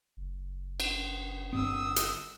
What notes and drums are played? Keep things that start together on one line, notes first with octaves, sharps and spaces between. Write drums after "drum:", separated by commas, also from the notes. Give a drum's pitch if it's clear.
F#1
drum: cymbal
G1 G2 C4 D#6 E6
drum: hi-hat